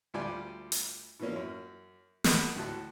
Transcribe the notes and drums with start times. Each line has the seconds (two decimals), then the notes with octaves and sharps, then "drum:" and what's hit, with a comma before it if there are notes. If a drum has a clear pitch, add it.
0.14 D2 F3 G3 F4 D5 G#5
0.72 drum: hi-hat
1.19 B2 E3 F3 A#3 C#4
1.36 F#2
2.24 G#4 A#4 B4 D#5 F#5 A5, drum: snare
2.56 D2 A2 F#4 A5